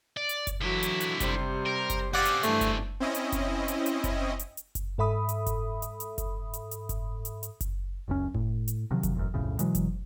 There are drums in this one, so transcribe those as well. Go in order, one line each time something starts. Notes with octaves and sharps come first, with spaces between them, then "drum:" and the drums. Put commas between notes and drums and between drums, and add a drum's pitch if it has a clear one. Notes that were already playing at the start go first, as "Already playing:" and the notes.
D5
drum: hi-hat
drum: kick F#1, hi-hat
D3 E3 F#3 E4
drum: hi-hat
drum: hi-hat
C3 G3 C5, drum: kick F#1, hi-hat
A#4
drum: kick F#1, hi-hat
C4 G4 G#4 D5 F5 F#5
drum: hi-hat
G2 E3 A3 D4, drum: hi-hat
drum: kick F#1, hi-hat
C4 C#4 E4 D#5
drum: hi-hat
drum: kick F#1, hi-hat
drum: hi-hat
drum: hi-hat
drum: kick F#1, hi-hat
drum: hi-hat
drum: hi-hat
drum: kick F#1, hi-hat
G#2 A4 E5 B5 D#6
drum: hi-hat
drum: kick F#1, hi-hat
drum: hi-hat
drum: hi-hat
drum: kick F#1, hi-hat
drum: hi-hat
drum: hi-hat
drum: kick F#1, hi-hat
drum: hi-hat
drum: hi-hat
drum: kick F#1, hi-hat
F#1 C#2 F#2 C#4
A2, drum: kick F#1
drum: hi-hat
C3 D#3 F3 F#3
drum: kick F#1, hi-hat
E1 A1 F#2
B1 F2 A2 C#3
B2 E3 F#3 G#3, drum: hi-hat
drum: kick F#1, hi-hat